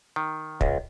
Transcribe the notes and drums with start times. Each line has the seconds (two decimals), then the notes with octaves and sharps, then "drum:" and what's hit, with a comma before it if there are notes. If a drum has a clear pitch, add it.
0.16 D#3
0.61 C#2, drum: kick